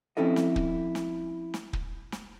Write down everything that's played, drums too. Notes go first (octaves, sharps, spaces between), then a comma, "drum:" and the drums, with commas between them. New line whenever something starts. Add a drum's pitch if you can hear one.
F3 C4 C#4 E4 A4 D#5
drum: snare
drum: kick
drum: snare
drum: snare
drum: kick
drum: snare